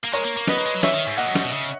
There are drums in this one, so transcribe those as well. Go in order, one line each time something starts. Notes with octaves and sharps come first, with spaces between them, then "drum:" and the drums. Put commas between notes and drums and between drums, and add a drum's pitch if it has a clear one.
A#3
G#3 A#4 C#5
A#3
A#3
B3 B4 D#5, drum: snare
A#3
G#3, drum: hi-hat
F#3
E3 C#5 E5, drum: snare
D#3
G#2
A#2 D#5 F#5
F#2
G#2, drum: snare
B2
C#3